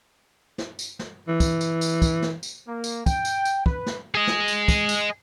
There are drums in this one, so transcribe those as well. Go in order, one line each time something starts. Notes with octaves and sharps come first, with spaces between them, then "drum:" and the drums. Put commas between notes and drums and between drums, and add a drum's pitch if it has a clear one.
drum: snare
drum: tambourine
drum: snare
E3
drum: kick, tambourine
drum: tambourine
drum: tambourine
drum: kick, tambourine
drum: snare
drum: tambourine
A#3
drum: tambourine
G5, drum: kick, tambourine
drum: tambourine
drum: tambourine
B4, drum: kick
drum: snare
G#4 D#5
drum: snare
drum: tambourine
drum: kick, tambourine
drum: tambourine